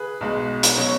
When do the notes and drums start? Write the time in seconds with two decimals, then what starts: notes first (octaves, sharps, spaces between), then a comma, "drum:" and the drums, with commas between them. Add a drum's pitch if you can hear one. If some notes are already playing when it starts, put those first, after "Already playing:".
Already playing: G#4 B4
0.21 B1 B2 G#3
0.63 drum: hi-hat
0.77 B2 F#3 C#4